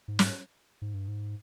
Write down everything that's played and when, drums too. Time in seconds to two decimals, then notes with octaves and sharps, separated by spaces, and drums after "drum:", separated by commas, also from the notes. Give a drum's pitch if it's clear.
0.08 G#2
0.19 drum: snare
0.82 G#2
0.94 G2
1.08 G#2